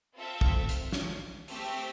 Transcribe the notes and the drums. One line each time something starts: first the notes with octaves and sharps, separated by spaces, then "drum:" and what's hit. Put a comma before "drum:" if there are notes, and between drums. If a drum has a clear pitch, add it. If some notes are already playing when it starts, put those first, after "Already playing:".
C4 F4 A4 E5
drum: kick
drum: hi-hat
drum: snare
A3 C4 G4 C5 E5, drum: open hi-hat